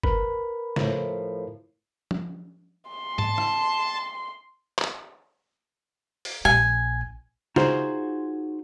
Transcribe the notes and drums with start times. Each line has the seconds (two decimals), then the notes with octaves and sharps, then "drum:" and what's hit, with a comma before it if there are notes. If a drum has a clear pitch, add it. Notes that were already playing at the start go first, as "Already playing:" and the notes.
0.03 A#4 B4 B5, drum: kick
0.76 A2 F3, drum: snare
2.11 drum: tom F3
2.90 C6
3.19 A5, drum: tom G#2
3.38 drum: rim click
4.79 drum: clap
6.25 drum: open hi-hat
6.45 A#1 A#2 G#5
7.56 D#4 F4 F#4 G#4 C5, drum: snare